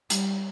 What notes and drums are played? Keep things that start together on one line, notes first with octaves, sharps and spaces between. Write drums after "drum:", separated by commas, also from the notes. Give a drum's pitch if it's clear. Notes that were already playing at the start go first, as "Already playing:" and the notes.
G3, drum: hi-hat